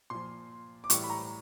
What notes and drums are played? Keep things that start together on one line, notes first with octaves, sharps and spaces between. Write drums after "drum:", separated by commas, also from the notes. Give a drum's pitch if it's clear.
A#2 F3 C6
D6
A2 E3 G3 C#6, drum: hi-hat
B5
A#5